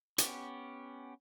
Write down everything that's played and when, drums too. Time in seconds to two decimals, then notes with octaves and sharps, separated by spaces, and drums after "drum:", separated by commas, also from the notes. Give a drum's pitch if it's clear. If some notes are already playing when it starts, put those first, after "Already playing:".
0.18 B3 C#4 G4, drum: hi-hat